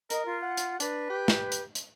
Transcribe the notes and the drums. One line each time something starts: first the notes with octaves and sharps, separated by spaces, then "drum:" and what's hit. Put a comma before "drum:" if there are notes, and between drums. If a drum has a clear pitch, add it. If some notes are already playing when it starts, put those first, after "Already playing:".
A#4 D#5, drum: hi-hat
F4
F#5
drum: hi-hat
D4 B4, drum: hi-hat
G4
drum: snare
drum: hi-hat
drum: hi-hat